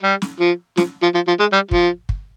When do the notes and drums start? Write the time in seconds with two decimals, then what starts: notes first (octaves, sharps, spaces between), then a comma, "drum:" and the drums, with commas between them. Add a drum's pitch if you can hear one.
0.03 G3
0.22 drum: snare
0.40 F3
0.77 F3, drum: snare
1.03 F3
1.15 F3
1.28 F3
1.40 G#3
1.53 G3
1.71 F3, drum: kick
2.09 drum: kick